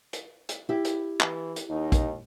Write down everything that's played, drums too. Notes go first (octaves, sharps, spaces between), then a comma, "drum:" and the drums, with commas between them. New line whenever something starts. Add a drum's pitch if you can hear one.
drum: hi-hat
drum: hi-hat
E4 G4
drum: hi-hat
E3, drum: clap
drum: hi-hat
D#2 D#4
drum: kick, hi-hat